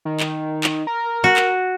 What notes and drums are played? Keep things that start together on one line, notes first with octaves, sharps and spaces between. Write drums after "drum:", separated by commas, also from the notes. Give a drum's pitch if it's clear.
D#3
drum: clap
drum: clap
A#4
F#4
drum: clap